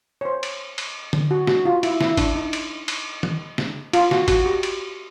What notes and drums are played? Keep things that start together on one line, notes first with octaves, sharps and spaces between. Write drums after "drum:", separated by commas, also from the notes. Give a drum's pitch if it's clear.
C#5
C5
drum: cymbal
drum: cymbal
drum: tom D3
F#4
F#4, drum: snare
F4
E4, drum: cymbal
E4, drum: snare
D4, drum: kick, cymbal
D#4
drum: cymbal
drum: cymbal
drum: tom D#3
drum: snare
F4, drum: cymbal
F#4, drum: snare
F#4, drum: kick, cymbal
G4
drum: cymbal